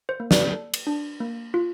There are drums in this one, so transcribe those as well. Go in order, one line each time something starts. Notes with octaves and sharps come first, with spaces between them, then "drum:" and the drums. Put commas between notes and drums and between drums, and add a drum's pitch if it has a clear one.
C5
A#3
D5, drum: snare
A4
drum: cymbal
D4
A#3
F4